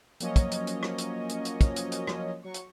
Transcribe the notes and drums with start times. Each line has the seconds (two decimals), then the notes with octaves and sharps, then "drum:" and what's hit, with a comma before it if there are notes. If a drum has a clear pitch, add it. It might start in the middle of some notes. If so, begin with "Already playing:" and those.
0.20 F3 F#3 A#3 C#4 C#5 D#5, drum: hi-hat
0.36 drum: kick, hi-hat
0.51 drum: hi-hat
0.67 drum: hi-hat
0.83 drum: rim click
0.98 drum: hi-hat
1.29 drum: hi-hat
1.45 drum: hi-hat
1.61 drum: kick, hi-hat
1.76 drum: hi-hat
1.92 drum: hi-hat
2.07 drum: rim click
2.43 F#3 C#6
2.54 drum: hi-hat